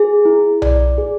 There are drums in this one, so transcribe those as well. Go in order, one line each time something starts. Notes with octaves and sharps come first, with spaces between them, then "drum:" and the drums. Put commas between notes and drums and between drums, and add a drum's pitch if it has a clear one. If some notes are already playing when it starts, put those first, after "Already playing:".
Already playing: G#4
E4
D5, drum: tom B1
G#4